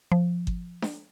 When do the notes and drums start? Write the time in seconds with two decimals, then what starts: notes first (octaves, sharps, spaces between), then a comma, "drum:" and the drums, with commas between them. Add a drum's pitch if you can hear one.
0.12 F3
0.47 drum: kick G1
0.82 drum: snare D4